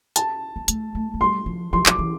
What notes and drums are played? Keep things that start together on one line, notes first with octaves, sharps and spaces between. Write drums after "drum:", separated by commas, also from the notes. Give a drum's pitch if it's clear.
A5, drum: hi-hat
B3
A3, drum: hi-hat
A3
A3
G3 C6
F3
F3 C6
F3 D6, drum: clap
E3